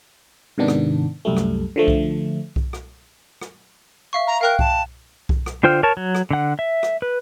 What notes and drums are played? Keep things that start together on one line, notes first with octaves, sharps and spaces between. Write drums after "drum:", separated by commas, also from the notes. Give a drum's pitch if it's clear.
G#2 C3 D#3 B3 D4
drum: rim click
C2 F#2 G3 A3
drum: rim click
D3 F3 A3
drum: kick B1
drum: kick B1
drum: rim click
drum: rim click
E5 F5 C#6
A#5
A#4 F5 G5 F#6
A5, drum: kick B1
drum: kick B1
drum: rim click
D3 F4 C5 G5 F6
A#4 C#5 A5
F#3
drum: rim click
D3 F#5
E5
drum: rim click
B4